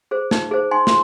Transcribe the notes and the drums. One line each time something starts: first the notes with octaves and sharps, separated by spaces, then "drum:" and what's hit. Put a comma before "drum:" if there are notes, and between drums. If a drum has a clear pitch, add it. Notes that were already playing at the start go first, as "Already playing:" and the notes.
G#4 C5
D#4, drum: snare
G#4 C5
D#4 G#5 C6
C6, drum: snare